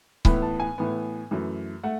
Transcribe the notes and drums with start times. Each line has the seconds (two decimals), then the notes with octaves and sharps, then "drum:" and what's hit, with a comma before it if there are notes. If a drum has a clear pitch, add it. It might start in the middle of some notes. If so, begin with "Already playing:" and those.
0.25 A2 E3 B3 B5, drum: kick C#1
0.42 A5
0.60 G#5
0.78 A2 E3 B3
1.31 F#2 E3 A3
1.83 A3 F#5